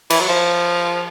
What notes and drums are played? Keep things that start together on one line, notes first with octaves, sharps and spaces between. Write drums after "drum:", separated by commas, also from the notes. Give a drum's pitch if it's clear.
E3, drum: cymbal
F#3
F3